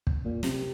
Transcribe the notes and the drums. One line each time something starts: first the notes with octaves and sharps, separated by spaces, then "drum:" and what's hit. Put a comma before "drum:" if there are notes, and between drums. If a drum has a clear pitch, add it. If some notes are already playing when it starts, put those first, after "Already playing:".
drum: kick
A#2
C3, drum: snare